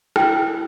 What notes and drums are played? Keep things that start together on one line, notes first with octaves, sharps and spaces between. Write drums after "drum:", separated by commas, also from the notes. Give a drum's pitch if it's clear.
E4 G5, drum: rim click